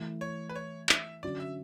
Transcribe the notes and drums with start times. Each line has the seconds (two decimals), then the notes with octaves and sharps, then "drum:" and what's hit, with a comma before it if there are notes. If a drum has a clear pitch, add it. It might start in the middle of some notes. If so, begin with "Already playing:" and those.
Already playing: E3 A3 E4
0.21 C#5
0.49 B4
0.55 C#5
0.89 E5, drum: clap
1.23 D3 F#3 C#4 F#4 D5
1.40 E5